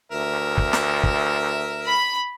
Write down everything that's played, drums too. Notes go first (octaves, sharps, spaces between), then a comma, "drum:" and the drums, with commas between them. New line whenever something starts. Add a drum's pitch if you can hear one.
D2 A#4 E5
drum: kick
drum: snare
drum: kick
B5